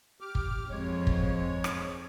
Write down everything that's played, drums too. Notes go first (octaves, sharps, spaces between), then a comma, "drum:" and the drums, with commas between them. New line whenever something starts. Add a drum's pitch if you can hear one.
G4 D6 F6
drum: kick
F2 F3 G#3 C#5
drum: kick
drum: rim click